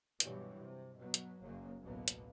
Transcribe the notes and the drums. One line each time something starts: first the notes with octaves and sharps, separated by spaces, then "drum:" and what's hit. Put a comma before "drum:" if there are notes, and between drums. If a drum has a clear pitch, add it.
G2 B2 E3 F#3 G3, drum: hi-hat
C3
B2 F#3 B3
drum: hi-hat
F#1 C#3 F#3 A#3
A1 D2 B2 F#3 A#3 B3
drum: hi-hat